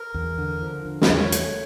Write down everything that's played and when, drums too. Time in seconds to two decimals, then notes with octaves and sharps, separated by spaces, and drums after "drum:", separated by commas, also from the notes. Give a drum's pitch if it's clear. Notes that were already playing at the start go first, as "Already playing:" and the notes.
Already playing: A#4
0.14 E2
0.38 D3
0.62 F3
0.85 D3
1.01 A#4, drum: snare
1.09 E2 C#5
1.32 A3, drum: hi-hat